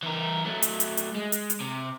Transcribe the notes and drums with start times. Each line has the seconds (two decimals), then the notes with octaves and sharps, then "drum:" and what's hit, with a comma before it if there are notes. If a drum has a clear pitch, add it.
0.03 E3 A#4
0.45 F#3 A3
0.62 drum: hi-hat
0.80 drum: hi-hat
0.97 drum: hi-hat
1.14 G#3
1.32 drum: hi-hat
1.50 drum: hi-hat
1.60 C3